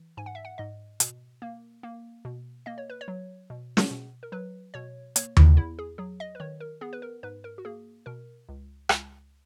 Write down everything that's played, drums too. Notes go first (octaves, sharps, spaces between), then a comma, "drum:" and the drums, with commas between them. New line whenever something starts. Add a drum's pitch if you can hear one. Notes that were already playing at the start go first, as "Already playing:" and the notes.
Already playing: E3
G#2 G#5
F#5
E5
F#5
G#2 D#5
B2, drum: hi-hat
A#3
A#3
B2
A#3 D#5
C#5
B4
C#5
F#3
B2
drum: snare
B2
A#4
F#3 B4
B2 C#5
A#3 C#5, drum: hi-hat
E4, drum: tom D#2
E2 E4
G#4
F#3 G#4
D#5
B4
D#3 C#5
A#4
B3 G#4
B4
A#4
G#2 B4
A#4
F#4
A#3 G#4
B2 A#4
C#2
C#2, drum: rim click